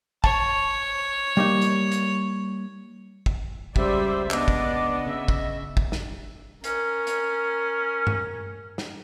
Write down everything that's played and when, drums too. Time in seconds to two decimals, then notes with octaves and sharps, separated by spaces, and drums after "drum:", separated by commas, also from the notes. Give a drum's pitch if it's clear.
0.24 C#5 A5, drum: kick
1.37 G3 A#3 D#4
1.61 drum: hi-hat
1.92 drum: hi-hat
3.26 drum: kick
3.76 C#2 C#3 G3 C5 D5 E5, drum: kick
4.31 B3 D4 D5 D#5, drum: clap
4.48 drum: kick
5.06 C#3 E5
5.28 drum: kick
5.77 drum: kick
5.92 drum: snare
6.64 C#4 A#4, drum: hi-hat
7.07 drum: hi-hat
8.07 drum: tom G2
8.78 drum: snare